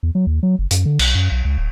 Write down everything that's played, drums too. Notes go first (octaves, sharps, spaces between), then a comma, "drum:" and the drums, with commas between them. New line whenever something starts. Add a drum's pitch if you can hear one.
E2
F#3
D#2
F#3
F#1
F#2, drum: hi-hat
D3
B1, drum: cymbal
F#2
B1
C#2
D1